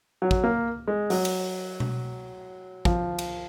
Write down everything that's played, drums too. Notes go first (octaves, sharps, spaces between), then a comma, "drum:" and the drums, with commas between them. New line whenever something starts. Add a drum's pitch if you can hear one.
F#3
drum: kick
A#3
G#3
F#3, drum: open hi-hat
drum: cymbal
drum: tom B2
F3, drum: kick
drum: cymbal